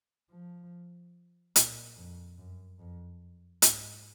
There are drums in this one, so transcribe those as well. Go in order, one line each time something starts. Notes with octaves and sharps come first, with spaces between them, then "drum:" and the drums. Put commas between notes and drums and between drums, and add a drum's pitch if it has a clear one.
F3
A#2, drum: hi-hat
F2
F#2
F2
G#2, drum: hi-hat